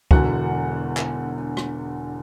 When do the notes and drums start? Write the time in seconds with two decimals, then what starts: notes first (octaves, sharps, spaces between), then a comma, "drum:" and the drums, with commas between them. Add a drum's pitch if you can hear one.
0.11 E1 E2 D3 F#4 F#5, drum: kick
0.97 drum: clap
1.57 drum: rim click